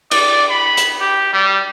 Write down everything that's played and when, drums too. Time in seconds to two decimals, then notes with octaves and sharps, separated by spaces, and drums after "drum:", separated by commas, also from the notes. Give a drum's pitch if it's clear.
0.11 D5, drum: cymbal
0.50 B5
0.77 drum: hi-hat
1.00 G4
1.33 G3